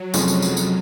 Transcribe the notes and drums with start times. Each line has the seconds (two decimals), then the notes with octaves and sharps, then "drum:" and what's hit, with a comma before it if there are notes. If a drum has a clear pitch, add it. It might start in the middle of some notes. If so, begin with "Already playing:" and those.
Already playing: F#3
0.14 F1 F2 F3 G#3 C#4, drum: tambourine
0.28 drum: tambourine
0.42 drum: tambourine
0.57 drum: tambourine